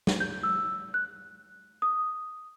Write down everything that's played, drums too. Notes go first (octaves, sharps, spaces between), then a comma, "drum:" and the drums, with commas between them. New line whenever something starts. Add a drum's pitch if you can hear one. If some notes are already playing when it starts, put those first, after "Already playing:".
drum: snare
G6
E6
F#6
D#6